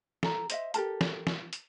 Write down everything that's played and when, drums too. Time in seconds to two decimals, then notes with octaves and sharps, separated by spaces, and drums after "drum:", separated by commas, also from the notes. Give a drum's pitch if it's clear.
0.23 A4 A#5, drum: snare
0.50 C5 D#5 E5, drum: hi-hat
0.74 G4 A4 A#4 A5, drum: hi-hat
1.01 drum: snare
1.27 drum: snare
1.53 drum: hi-hat